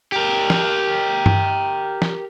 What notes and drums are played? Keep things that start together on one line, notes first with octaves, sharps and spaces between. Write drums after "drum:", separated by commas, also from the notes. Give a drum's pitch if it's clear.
G4 A#4
drum: snare
drum: tom G2
drum: snare